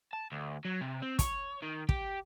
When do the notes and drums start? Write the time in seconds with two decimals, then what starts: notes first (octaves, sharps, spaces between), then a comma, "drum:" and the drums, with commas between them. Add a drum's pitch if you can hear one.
0.13 A5
0.32 D2
0.65 F#3
0.81 C3
1.02 C4
1.19 C#5, drum: kick, hi-hat
1.62 D#3
1.89 G4, drum: kick